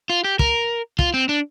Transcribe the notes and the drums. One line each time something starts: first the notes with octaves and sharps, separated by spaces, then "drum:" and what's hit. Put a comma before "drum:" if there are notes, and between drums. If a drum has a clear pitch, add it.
F4
G4
A#4, drum: kick
F4, drum: kick
C4
D4